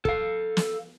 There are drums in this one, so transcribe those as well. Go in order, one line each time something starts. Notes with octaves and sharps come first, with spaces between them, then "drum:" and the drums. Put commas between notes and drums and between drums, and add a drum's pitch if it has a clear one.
A4 F5, drum: kick
drum: snare